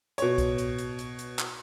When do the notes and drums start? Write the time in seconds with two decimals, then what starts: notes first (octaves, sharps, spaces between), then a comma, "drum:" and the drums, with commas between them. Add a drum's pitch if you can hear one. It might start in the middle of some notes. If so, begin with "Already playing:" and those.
0.18 B2 C#5, drum: hi-hat
0.38 drum: kick C2, hi-hat
0.58 drum: hi-hat
0.78 drum: hi-hat
0.99 drum: hi-hat
1.19 drum: hi-hat
1.39 drum: clap